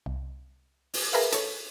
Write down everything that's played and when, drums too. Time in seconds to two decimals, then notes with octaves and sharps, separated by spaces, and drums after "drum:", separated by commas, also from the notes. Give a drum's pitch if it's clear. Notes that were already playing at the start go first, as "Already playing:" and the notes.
0.06 C2
0.94 drum: open hi-hat
1.13 G#4 A#4 B4 E5 F5
1.32 A4 C#5, drum: hi-hat